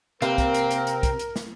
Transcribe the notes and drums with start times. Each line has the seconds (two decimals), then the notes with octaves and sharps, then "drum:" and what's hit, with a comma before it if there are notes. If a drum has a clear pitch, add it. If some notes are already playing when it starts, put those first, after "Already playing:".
0.22 C3 A#3 C4 A#4 B4 F5, drum: hi-hat
0.38 drum: kick, hi-hat
0.54 drum: hi-hat
0.71 drum: hi-hat
0.87 drum: hi-hat
1.03 drum: kick, hi-hat
1.19 drum: hi-hat
1.36 drum: snare